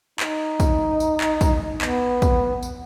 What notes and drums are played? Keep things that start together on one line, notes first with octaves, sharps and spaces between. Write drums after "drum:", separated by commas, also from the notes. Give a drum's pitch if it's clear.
D#4, drum: clap
drum: kick, tambourine
drum: tambourine
drum: clap
drum: kick, tambourine
B3, drum: clap
drum: kick, tambourine
drum: tambourine